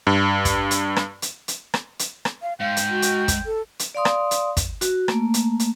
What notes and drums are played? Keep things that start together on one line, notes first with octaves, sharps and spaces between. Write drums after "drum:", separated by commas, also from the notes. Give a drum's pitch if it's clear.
G2
drum: kick, hi-hat
drum: hi-hat
drum: rim click
drum: hi-hat
drum: hi-hat
drum: rim click
drum: hi-hat
drum: rim click
F5
G#2 F5 G5
drum: hi-hat
F#4
drum: hi-hat
drum: kick, hi-hat
A4
drum: hi-hat
D5 F5 C6 D#6
drum: rim click
drum: hi-hat
drum: kick, hi-hat
F#4, drum: hi-hat
A3 A#3, drum: rim click
drum: hi-hat
drum: hi-hat